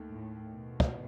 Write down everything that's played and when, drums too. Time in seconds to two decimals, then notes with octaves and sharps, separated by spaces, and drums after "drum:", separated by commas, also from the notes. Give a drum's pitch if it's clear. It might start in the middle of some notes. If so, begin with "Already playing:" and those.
Already playing: D#2 D#3 A3
0.10 A2
0.52 B2
0.80 drum: kick